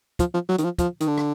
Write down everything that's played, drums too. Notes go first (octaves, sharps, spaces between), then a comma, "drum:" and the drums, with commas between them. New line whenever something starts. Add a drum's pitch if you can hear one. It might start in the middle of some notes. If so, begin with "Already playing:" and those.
F3, drum: kick, hi-hat
F3
F#3
D#3, drum: hi-hat
F3
F3, drum: kick, hi-hat
D#3, drum: hi-hat
D3
drum: rim click